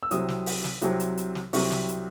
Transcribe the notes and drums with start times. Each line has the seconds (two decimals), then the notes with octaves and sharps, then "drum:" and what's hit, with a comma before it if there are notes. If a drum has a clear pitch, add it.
0.03 E6
0.11 C2 C3 F#3 C4 D#6, drum: hi-hat
0.28 drum: snare
0.46 drum: open hi-hat
0.64 drum: snare
0.81 C2 C3 F#3 C4, drum: hi-hat
1.00 drum: hi-hat
1.17 drum: hi-hat
1.35 drum: snare
1.53 C2 C3 F#3 C4 C#6, drum: open hi-hat
1.71 drum: snare
1.89 drum: hi-hat